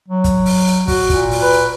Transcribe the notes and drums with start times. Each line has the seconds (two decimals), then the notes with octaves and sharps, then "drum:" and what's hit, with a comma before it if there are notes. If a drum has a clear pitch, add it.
0.08 F#3
0.24 drum: kick, hi-hat
0.45 drum: open hi-hat
0.67 drum: hi-hat
0.88 F#4, drum: kick, open hi-hat
1.10 A#2, drum: kick, hi-hat
1.31 drum: open hi-hat
1.42 B4
1.52 drum: hi-hat